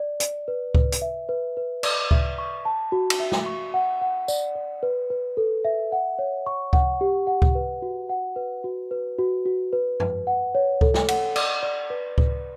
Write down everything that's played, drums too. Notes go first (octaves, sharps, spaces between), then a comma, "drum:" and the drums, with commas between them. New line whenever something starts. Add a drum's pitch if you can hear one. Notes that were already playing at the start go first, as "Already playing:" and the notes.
Already playing: D5
D5, drum: hi-hat
B4
B4, drum: kick C#2
drum: hi-hat
E5
B4
B4
D5, drum: cymbal
E5, drum: kick C#2
C#6
A5
F#4
drum: cymbal
E5
drum: snare
C#6
F#5
F#5
D5, drum: tambourine
D5
B4
B4
A4
E5
F#5
C#5
C#6
F#5, drum: kick C#2
G4
F#5
drum: kick C#2
B4
F#4
F#5
B4
F#4
B4
F#4
F#4
B4
B4, drum: tom F#2
F#5
C#5
A4, drum: kick C#2
drum: snare
F#5, drum: cymbal
D5, drum: cymbal
D5
B4
B4, drum: kick C#2